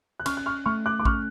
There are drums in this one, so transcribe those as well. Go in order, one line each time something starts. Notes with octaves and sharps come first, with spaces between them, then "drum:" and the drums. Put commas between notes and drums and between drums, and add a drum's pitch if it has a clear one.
F#6
C#4 C#6 F6, drum: cymbal
F#6
C#6 F6
A3 C#6 F6
D6 F#6
D6
C#4 C#6 F6, drum: kick